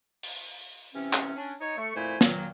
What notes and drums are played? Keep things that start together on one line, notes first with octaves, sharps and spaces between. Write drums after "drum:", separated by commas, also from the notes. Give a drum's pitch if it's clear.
drum: open hi-hat
C3 E3 C4 C#4
drum: clap
C#4 D4
D#4 C#5
A3 C#6
F2 A#2 A3 E4 C5 G#5
A#2 D#3 F#3, drum: snare